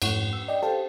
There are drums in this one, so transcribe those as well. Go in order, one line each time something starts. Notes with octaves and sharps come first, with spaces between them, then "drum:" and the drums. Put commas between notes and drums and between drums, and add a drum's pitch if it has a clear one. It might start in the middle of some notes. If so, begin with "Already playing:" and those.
F2 G#2 A3 E4 C#5 F#5, drum: cymbal
E6
D5 D#5 G5
G4 A4 C5 F5 G5 A5